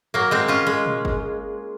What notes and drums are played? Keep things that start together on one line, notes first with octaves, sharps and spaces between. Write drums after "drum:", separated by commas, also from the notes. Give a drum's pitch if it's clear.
F#3 A#3
G#3 C4
C#4 F4
G#3
drum: tom A#2
drum: kick G1